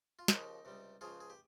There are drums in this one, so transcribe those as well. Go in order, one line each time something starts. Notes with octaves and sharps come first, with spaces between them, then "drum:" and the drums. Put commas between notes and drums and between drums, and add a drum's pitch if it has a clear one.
F4
D#2 C#3 F3 D#4 G4, drum: snare
C#2 C3 G3
C#2 C#3 F3 F4 G#4
G#4
G4